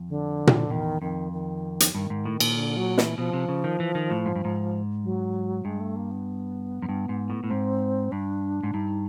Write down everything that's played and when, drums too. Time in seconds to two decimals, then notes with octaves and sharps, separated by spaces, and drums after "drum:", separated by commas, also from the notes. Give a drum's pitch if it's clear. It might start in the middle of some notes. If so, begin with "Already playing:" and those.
Already playing: F2
0.09 D3
0.47 drum: tom A#2
0.70 E2 D#3
1.02 F2 D#3
1.32 D#3
1.80 drum: hi-hat
1.94 G2 D#3
2.10 G#2
2.25 A2
2.40 A#2, drum: cymbal
2.57 D3
2.77 F#3
2.98 E3, drum: snare
3.18 B2 F3
3.33 C3
3.49 C#3
3.64 D#3
3.80 E3
3.95 D#3
4.11 A2
4.26 G#2
4.36 G2
4.45 G#2
5.04 F#3
5.65 G2 G#3
5.80 A3
5.96 A#3
6.11 B3
6.82 F#2
6.89 G2
7.09 G#2
7.30 A2
7.44 A2
7.50 G#2 C4
8.12 G2 D4
8.63 G#2
8.74 G2 D#4